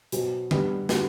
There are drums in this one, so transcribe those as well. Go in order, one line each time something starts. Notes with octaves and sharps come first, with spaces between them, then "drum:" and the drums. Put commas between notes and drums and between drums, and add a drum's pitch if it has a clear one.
B2 F#3 C4, drum: hi-hat
G3 B3 D4, drum: tom D3
D3 G3 B3 F#4, drum: snare